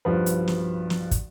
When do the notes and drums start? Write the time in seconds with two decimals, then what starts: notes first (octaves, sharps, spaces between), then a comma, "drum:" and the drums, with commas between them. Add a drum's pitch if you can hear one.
0.05 B1 G2 F3 B4
0.26 drum: hi-hat
0.48 drum: snare
0.90 drum: snare
1.11 drum: kick, hi-hat